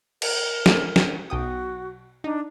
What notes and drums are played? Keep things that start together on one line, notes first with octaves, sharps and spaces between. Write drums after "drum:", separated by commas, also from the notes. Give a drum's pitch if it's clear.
A#4, drum: cymbal
F3 A#3 A4, drum: snare
drum: snare
B1 F#4 G5 D#6
D4 D#4